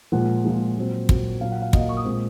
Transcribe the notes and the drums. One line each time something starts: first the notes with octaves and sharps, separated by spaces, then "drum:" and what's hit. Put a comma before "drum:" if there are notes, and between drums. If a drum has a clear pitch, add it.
A#2 F3 G#3 F#5
A#2 F3 G#3
A#2 F#3 C4
A#2 F#3 C4, drum: kick
A#2 F#3 A#3 F5
F#5
F5
A#2 F#3 A#3 D#5, drum: kick
F5
C#6
D#6
A#2 G#3 C4